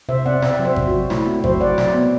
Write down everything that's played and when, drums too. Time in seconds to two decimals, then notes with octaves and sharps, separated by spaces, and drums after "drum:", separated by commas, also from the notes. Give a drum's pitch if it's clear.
0.09 C3 C5 E5
0.26 C4 D5 F#5
0.42 C4 C5 E5, drum: snare
0.59 F#3
0.65 C5 E5
0.76 C4, drum: kick G#1
0.88 F#4
0.93 F#3
1.10 A3 E4, drum: snare
1.27 C4 F#4
1.44 F#3 C5 E5, drum: kick G#1
1.61 F#3 D5 F#5
1.78 F#3, drum: snare
1.94 B3